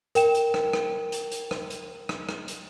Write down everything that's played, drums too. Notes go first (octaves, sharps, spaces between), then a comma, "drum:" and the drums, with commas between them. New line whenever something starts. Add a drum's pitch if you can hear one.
A#4 G5 E7, drum: hi-hat
drum: hi-hat
drum: rim click
drum: rim click
drum: hi-hat
drum: hi-hat
drum: rim click
drum: hi-hat
drum: rim click
drum: rim click
drum: hi-hat